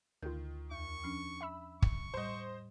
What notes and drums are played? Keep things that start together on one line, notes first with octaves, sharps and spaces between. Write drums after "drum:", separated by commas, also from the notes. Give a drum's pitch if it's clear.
D2 D#3 F4 G6
E2 C#6
F3 C#4 D4
E5 B5 E6
C#6, drum: kick
A2 G3 C5 D#5